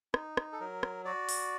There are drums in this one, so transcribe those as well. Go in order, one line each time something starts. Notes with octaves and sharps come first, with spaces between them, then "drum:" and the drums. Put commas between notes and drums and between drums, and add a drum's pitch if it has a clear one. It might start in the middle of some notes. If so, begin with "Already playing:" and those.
D#4, drum: rim click
drum: rim click
A4
F#3 A#4
drum: rim click
F#4 D5
drum: open hi-hat